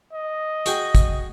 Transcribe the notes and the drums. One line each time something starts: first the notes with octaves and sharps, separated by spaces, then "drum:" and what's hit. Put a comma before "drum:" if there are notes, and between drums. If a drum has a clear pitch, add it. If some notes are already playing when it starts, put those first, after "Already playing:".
D#5
F#4 G#4 G5, drum: hi-hat
drum: kick, hi-hat